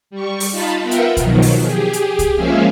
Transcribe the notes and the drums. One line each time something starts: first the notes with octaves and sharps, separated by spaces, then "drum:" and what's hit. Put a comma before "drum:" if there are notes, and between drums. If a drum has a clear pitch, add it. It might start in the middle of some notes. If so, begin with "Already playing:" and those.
G3 C#6
drum: open hi-hat
D#4 F4 A5 B5
B3 F4 A#4 E5 F#5 G5
drum: hi-hat
B2 D#3 F3 F#3, drum: kick C2, hi-hat
drum: open hi-hat
G4 G#4
drum: hi-hat
drum: kick C2, hi-hat
F3 G#3 A#3 C#4 E5 F5